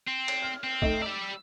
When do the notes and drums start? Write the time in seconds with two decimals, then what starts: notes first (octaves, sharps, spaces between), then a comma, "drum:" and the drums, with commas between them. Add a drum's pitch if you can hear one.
0.07 C4
0.28 drum: cymbal
0.42 F6
0.64 C4
0.82 A3 D#4, drum: kick
1.02 G3 D5 E6 E7